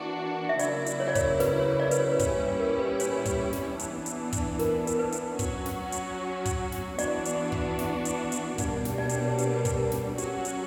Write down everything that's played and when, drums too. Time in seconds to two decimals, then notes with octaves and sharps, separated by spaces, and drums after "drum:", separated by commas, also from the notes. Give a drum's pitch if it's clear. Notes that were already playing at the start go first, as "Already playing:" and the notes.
Already playing: E3 A#3 D4 F#4
0.49 E5
0.59 C#3 F#3 A#3 E4 D5, drum: hi-hat
0.86 drum: hi-hat
1.00 C#5
1.08 D5
1.15 C#5, drum: kick, hi-hat
1.40 B4, drum: snare
1.60 C#5
1.80 D5
1.91 B4, drum: hi-hat
1.99 C#5
2.12 B4
2.19 A#2 G3 C#4 E4 C#5, drum: kick, hi-hat
2.39 B4
2.60 A#4
2.80 B4
3.00 C#5, drum: hi-hat
3.12 B4
3.25 C#5, drum: kick, hi-hat
3.53 drum: snare
3.79 E3 B3 D4, drum: hi-hat
4.06 drum: hi-hat
4.32 drum: kick, hi-hat
4.59 A#4, drum: snare
4.87 A#4, drum: hi-hat
4.99 B4
5.12 drum: hi-hat
5.39 F#3 C#4 F#4, drum: kick, hi-hat
5.66 drum: snare
5.92 drum: hi-hat
6.45 drum: kick, hi-hat
6.72 drum: snare
6.99 E3 B3 D4 F#4 D5, drum: hi-hat
7.25 drum: hi-hat
7.52 drum: kick
7.79 drum: snare
8.05 drum: hi-hat
8.32 drum: hi-hat
8.58 B2 G3 A#3 D4 D5, drum: kick, hi-hat
8.85 drum: snare
8.98 D5
9.09 D5, drum: hi-hat
9.18 C#5
9.38 B4, drum: hi-hat
9.47 A#4
9.56 B4
9.65 drum: kick, hi-hat
9.78 A#4
9.92 drum: snare
10.18 F#3 C#4 F#4 G4, drum: hi-hat
10.45 drum: hi-hat